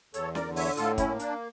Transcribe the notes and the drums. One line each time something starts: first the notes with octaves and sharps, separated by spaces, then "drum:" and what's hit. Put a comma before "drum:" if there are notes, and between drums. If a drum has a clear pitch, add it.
E2 A4 C#5, drum: hi-hat
A#4 D5, drum: snare C#4
D3
C#5 E5, drum: open hi-hat
A2 F4 A4, drum: hi-hat
C#4 E4, drum: kick, hi-hat
A#3
D4, drum: hi-hat